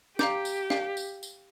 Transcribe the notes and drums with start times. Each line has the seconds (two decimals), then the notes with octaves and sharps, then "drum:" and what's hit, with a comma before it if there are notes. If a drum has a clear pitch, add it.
0.19 G4 F5 A#5 D6 G6, drum: snare
0.45 drum: tambourine
0.70 F5, drum: snare
0.97 drum: tambourine
1.23 drum: tambourine